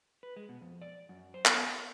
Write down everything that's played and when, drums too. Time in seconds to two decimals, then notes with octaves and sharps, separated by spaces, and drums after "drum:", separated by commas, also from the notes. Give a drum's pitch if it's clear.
0.23 B4
0.36 G#3
0.49 B2
0.61 F2
0.82 D5
1.09 F#2
1.34 C5
1.46 B3, drum: clap
1.64 A#4